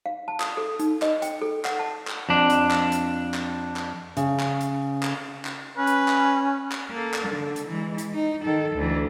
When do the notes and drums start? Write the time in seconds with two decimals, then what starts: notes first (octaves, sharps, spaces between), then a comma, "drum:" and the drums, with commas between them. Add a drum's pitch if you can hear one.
0.06 F5
0.28 A5
0.40 D#6, drum: clap
0.57 A4
0.80 D#4, drum: hi-hat
1.02 D#5, drum: clap
1.22 G5, drum: hi-hat
1.42 A4
1.65 F#5, drum: clap
1.79 A5
2.08 drum: clap
2.29 F2 D4
2.50 drum: hi-hat
2.71 drum: clap
2.92 drum: hi-hat
3.34 drum: clap
3.76 drum: clap
4.17 C#3, drum: hi-hat
4.40 drum: clap
4.61 drum: hi-hat
5.03 drum: clap
5.45 drum: clap
5.77 C#4 B4
5.87 drum: hi-hat
6.08 drum: clap
6.72 drum: clap
6.91 A#3 A4
7.14 drum: clap
7.29 D3
7.56 drum: hi-hat
7.69 E3 G#3
7.98 drum: hi-hat
8.14 D#4
8.45 D#3 A4
8.76 D2 E3